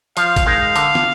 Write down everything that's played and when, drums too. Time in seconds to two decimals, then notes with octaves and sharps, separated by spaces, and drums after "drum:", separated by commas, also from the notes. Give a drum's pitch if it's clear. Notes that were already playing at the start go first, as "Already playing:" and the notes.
0.17 F3 F5, drum: hi-hat
0.36 drum: kick A1, hi-hat
0.46 G#3 D#4 A#4 D#5 F5
0.76 D3, drum: hi-hat
0.95 drum: snare